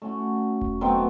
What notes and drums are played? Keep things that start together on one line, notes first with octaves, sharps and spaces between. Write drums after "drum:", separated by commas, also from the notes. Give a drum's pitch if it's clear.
A3 C#4 F#4
drum: kick E1
B2 F#3 A3 C4